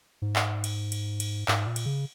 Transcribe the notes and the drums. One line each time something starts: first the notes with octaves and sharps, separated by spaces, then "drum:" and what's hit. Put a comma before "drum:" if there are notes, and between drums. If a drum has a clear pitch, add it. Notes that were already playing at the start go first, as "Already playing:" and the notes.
G#2
drum: clap
drum: cymbal
drum: cymbal
drum: cymbal
G#2, drum: clap
A#2
drum: cymbal
C#3